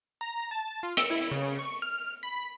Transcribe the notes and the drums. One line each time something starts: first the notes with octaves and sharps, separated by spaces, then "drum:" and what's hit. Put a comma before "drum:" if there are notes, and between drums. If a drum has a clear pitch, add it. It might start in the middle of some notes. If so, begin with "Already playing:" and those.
A#5
A5
F4
E6, drum: hi-hat
E4
C#3
C#6
F6
B5